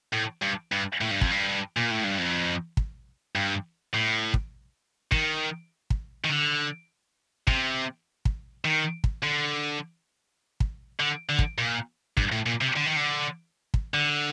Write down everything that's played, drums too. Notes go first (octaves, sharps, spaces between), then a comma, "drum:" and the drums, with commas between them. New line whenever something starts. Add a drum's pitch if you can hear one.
A2
G2
G2
A2
G2
F2, drum: kick
G2
A#2
A2
G2
F2
drum: kick
G2
A2
drum: kick
D#3, drum: kick
drum: kick
D#3
D3
C3, drum: kick
drum: kick
D#3
drum: kick
D3
drum: kick
D3
D3
drum: kick
A#2
G2, drum: kick
A2
A#2
C3
D3
D#3
D3
drum: kick
D3